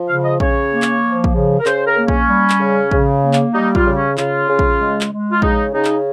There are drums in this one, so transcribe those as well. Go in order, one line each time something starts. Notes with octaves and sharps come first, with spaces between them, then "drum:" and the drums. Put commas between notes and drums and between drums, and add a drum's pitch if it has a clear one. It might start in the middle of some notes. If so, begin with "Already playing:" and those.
Already playing: F3
C#3 F5
F5
D#5
C#3 C#5, drum: kick A#1
A#3
drum: clap
F3
drum: kick A#1
C#3
A#4
C#3 C5, drum: clap
A#4
A#3
C#4, drum: kick A#1
G3
drum: clap
C#3
C#3, drum: kick A#1
A#3
drum: clap
G3 D#4
F4, drum: kick A#1
C#3
C#4
C#3 F4, drum: clap
C#3
drum: kick A#1
G#3
drum: clap
G#3
F4
C#3 D#4, drum: kick A#1
C#3 D#4
drum: clap